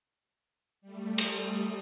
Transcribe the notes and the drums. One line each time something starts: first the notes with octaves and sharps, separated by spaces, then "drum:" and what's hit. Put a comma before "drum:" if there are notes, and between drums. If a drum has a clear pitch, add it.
G3 A3
drum: cymbal